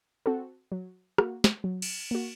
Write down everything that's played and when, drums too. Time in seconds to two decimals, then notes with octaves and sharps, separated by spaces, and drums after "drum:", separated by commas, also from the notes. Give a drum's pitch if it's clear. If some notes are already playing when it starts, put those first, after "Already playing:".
0.26 C4 F#4 A4
0.72 F#3
1.18 A#3 F#4, drum: rim click
1.44 drum: snare
1.64 F#3
1.82 drum: cymbal
2.11 A#3 F#4